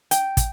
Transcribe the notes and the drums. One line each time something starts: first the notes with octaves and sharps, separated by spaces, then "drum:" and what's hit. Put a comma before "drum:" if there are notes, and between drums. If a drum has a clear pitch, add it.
G5, drum: hi-hat
drum: kick, hi-hat